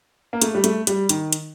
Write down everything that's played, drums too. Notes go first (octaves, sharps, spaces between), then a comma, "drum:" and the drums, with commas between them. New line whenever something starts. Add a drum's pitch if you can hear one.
A#3
A3, drum: hi-hat
G3
A3, drum: hi-hat
G3, drum: hi-hat
D#3, drum: hi-hat
drum: hi-hat